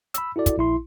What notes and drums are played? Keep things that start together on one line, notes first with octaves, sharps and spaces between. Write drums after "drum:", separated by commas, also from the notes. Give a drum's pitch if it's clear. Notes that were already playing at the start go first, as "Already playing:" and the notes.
B5 E6, drum: hi-hat
E4 F#4 A4 D5
drum: kick, hi-hat
A#1 E4 C6